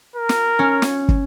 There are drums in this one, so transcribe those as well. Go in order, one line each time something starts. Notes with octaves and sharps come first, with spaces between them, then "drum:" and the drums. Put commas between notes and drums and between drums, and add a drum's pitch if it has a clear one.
A#4
drum: snare
C#4
drum: snare
drum: kick